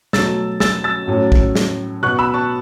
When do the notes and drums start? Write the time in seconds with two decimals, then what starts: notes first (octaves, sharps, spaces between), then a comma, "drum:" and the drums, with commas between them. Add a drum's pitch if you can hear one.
0.13 B2 F#3 A3 E6 A6, drum: snare
0.60 E6 A6, drum: snare
0.84 E6 A6
1.08 A2 F#3 A3 C#4
1.32 drum: kick
1.55 drum: snare
2.02 B2 B3 C#6 F#6
2.19 B5 E6
2.34 A5 C#6